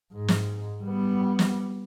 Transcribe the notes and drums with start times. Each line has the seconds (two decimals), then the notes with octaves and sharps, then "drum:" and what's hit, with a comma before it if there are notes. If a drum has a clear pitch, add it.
0.12 G#2
0.28 drum: snare
0.84 G3 B3
1.39 drum: snare